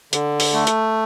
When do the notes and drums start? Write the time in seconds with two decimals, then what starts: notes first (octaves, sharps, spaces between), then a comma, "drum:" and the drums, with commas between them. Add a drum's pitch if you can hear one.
0.13 D3, drum: hi-hat
0.40 drum: open hi-hat
0.53 A3
0.67 drum: hi-hat